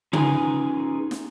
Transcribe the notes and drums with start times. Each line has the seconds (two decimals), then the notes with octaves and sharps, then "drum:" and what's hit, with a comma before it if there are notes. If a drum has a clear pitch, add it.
0.13 C#4 D#4 F4 G#4 B4 G#5, drum: tom C#3
1.11 drum: snare